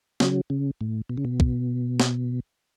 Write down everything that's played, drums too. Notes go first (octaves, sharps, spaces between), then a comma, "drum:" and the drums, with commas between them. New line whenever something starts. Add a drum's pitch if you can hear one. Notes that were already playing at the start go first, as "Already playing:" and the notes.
C#3 F#3, drum: snare
C#3
A2
B2
C#3
B2
drum: kick
drum: snare